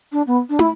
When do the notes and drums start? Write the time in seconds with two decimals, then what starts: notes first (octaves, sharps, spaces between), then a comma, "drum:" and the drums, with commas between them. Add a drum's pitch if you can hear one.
0.12 D4
0.27 B3
0.49 D4
0.59 E4, drum: tom